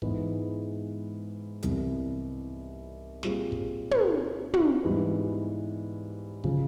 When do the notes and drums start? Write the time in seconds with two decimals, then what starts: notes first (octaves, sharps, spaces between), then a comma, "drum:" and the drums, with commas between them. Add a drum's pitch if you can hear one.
0.02 G#2 E3 G#3 B3, drum: kick
1.63 C2 C3 E3 G3 B3, drum: hi-hat
3.23 A#2 G3 C4 F4 G#4, drum: snare
3.52 drum: kick
3.91 drum: tom
4.54 drum: tom
4.83 G#2 E3 G3 B3
6.44 C#3 F3, drum: kick